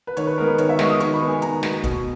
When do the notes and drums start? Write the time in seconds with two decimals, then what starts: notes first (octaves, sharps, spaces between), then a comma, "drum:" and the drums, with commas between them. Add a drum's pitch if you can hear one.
0.07 B4
0.17 D#3 C#5, drum: hi-hat
0.27 B4
0.38 G#3 B3 A#4
0.48 B4
0.58 D#3 C#5, drum: hi-hat
0.69 E5
0.79 G#3 B3 C#6, drum: snare
0.90 D#6
1.00 D#3 C#6, drum: hi-hat
1.14 B5
1.21 G#3 B3
1.28 G#5
1.42 D#3 A#5, drum: hi-hat
1.63 G#3 B3, drum: snare
1.84 B2, drum: kick, hi-hat